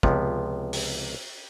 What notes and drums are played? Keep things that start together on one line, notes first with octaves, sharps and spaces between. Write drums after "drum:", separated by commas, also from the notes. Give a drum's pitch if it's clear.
C#2 C3 F3 B3, drum: kick
drum: open hi-hat